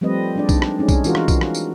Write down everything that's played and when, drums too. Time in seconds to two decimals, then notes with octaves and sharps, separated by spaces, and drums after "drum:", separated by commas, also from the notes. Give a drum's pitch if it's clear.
0.01 F3 G3 A3 C4 B4 D#5
0.36 G#3 D4 D5
0.49 D4 D#4, drum: kick B1, tambourine
0.62 drum: rim click
0.79 G#3 C#4 D#4
0.88 drum: kick B1, tambourine
1.04 E3 G#3 F4 F#4 A#4, drum: tambourine
1.15 drum: rim click
1.28 drum: kick B1, tambourine
1.41 drum: rim click
1.55 drum: tambourine